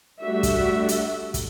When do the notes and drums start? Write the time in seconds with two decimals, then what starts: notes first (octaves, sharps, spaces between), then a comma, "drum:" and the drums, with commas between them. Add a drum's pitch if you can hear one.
0.20 G3 A3 D4 F#4 E5
0.43 drum: kick, hi-hat
0.89 drum: hi-hat
1.34 drum: kick, hi-hat